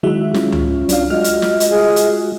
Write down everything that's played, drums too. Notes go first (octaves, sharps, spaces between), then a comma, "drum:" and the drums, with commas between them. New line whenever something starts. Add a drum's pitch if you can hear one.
D#3 F#3 G#3 E4 F#4 E5
C#4 F4, drum: snare
drum: tom C#2
F#3 D4 D5 F5, drum: hi-hat
G#3 F4 F#4 D#5 F6
drum: hi-hat
drum: snare
drum: hi-hat
G#4
drum: hi-hat